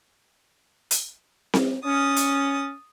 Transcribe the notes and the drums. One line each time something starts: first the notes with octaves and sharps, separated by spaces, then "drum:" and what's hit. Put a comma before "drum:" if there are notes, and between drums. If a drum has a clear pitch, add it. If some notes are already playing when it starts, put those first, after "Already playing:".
drum: hi-hat
drum: snare C4
C#4 D#6 A6
drum: hi-hat